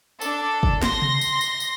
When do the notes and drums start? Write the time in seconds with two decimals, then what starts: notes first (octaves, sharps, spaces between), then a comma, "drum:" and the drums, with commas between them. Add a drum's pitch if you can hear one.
0.21 D4 A4, drum: tambourine
0.63 drum: kick
0.82 C6 A#6, drum: snare
1.02 drum: tom C3
1.21 drum: tambourine
1.41 drum: tambourine
1.60 drum: tambourine